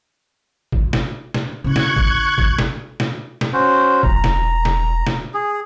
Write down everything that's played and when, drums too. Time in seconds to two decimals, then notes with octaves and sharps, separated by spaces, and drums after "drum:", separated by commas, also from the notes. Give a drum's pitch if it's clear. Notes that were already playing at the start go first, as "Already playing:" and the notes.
0.72 drum: kick G#1
0.93 drum: snare
1.34 drum: snare
1.64 C#3 E4 C#6 F#6 G#6
1.76 drum: snare
1.96 drum: kick G#1
2.38 drum: kick G#1
2.58 drum: snare
3.00 drum: snare
3.41 drum: snare
3.53 C#4 F#4 C5
4.03 E1 A#5, drum: kick G#1
4.24 drum: snare
4.65 drum: snare
5.07 drum: snare
5.34 G#4